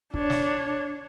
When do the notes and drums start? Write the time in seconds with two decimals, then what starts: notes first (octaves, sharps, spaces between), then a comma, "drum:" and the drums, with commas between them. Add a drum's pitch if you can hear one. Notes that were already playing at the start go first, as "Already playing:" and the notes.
0.14 D4 C#5, drum: kick
0.30 drum: snare